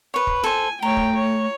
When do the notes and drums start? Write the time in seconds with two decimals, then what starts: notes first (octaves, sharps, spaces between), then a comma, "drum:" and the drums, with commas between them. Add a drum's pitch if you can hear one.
0.14 B4 C#5
0.27 drum: kick
0.44 A4 C5 G#5
0.82 A3 C#5 G5 A#5
0.97 drum: kick
1.14 C#5